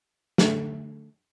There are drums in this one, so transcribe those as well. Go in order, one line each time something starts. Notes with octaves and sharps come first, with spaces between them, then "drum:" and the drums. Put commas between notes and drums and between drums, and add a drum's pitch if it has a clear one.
D3 A3, drum: snare